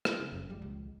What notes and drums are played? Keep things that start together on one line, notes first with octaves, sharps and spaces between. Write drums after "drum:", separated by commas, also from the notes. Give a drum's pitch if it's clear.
drum: rim click
C#3
F#1 C#3 F#3 A3
D#1 F3 G3 G#3
C#2